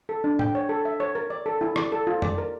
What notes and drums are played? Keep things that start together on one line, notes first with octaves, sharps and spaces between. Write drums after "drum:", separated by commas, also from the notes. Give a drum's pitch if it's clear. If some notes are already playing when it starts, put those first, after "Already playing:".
A4
D4
G5, drum: tom A2
C#5
A4
E5
C#5
A#4
D5
A4
E4
D5, drum: rim click
A4
F4
D5, drum: tom F2
A#4